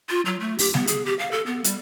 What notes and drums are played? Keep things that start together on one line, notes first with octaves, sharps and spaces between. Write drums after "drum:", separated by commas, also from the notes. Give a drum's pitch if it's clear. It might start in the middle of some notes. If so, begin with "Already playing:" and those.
F4
F#3
A3
G4, drum: open hi-hat
B3, drum: snare G3
G#4, drum: hi-hat
G4
F5
A4
B3
G3, drum: hi-hat